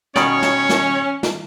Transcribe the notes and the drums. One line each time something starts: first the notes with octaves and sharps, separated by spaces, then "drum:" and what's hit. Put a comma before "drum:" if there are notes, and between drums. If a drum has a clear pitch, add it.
B2 D#3 C#4 C#5 D5, drum: snare
drum: snare
drum: snare
drum: snare